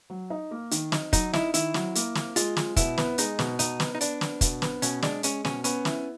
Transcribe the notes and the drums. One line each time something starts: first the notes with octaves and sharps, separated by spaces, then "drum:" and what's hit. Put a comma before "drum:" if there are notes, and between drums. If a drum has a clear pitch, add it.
F#3
D#4
A#3
D#3, drum: hi-hat
D#4, drum: snare
F#3 D#4, drum: kick, hi-hat
D#4 E4, drum: snare
D#3 E4, drum: hi-hat
F#3, drum: snare
A#3, drum: hi-hat
A#3, drum: snare
G#3 F4, drum: hi-hat
G#3, drum: snare
B2 E4, drum: kick, hi-hat
B3, drum: snare
G#3 D#4, drum: hi-hat
B2, drum: snare
B2 D#4, drum: hi-hat
B3, drum: snare
D#4
B3 D4, drum: hi-hat
B3, drum: snare
B2, drum: kick, hi-hat
B3, drum: snare
B2 C#4, drum: hi-hat
G#3 D4, drum: snare
G#3 C#4, drum: hi-hat
B2 C#4, drum: snare
B3 C#4, drum: hi-hat
E4, drum: snare